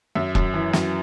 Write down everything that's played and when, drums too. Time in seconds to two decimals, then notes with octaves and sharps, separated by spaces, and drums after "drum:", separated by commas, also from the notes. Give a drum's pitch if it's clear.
0.15 F#2 E5
0.35 F#2, drum: kick E1
0.54 E3
0.73 F#2, drum: snare